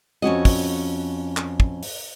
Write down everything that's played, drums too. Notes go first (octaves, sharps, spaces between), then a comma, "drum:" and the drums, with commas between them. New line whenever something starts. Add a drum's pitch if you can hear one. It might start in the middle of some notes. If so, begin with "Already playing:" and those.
F2 C#4 F#4 D#5
drum: kick, open hi-hat
drum: clap
drum: kick
drum: open hi-hat